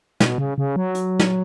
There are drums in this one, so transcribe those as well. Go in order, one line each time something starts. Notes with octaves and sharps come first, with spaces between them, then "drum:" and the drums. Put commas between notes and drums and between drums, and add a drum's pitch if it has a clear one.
B2, drum: snare
C#3
C#3
F#3
drum: hi-hat
drum: snare